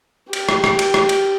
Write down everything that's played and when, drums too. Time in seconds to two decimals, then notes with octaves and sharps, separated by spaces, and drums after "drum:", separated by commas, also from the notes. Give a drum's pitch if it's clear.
0.33 G4, drum: cymbal
0.49 drum: rim click
0.64 drum: rim click
0.79 drum: cymbal
0.94 drum: rim click
1.09 drum: cymbal